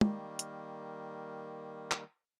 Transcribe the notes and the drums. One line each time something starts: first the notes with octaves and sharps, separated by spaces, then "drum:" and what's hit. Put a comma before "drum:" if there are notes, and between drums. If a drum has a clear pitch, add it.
D#3 G3 A#3, drum: tom
drum: hi-hat
drum: clap